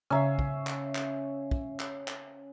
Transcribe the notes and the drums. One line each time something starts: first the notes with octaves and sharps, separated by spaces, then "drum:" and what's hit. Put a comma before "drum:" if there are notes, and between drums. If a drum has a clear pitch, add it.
C#3 C#4 E5 F5 A#5
drum: kick
drum: clap
drum: clap
drum: kick
drum: clap
drum: clap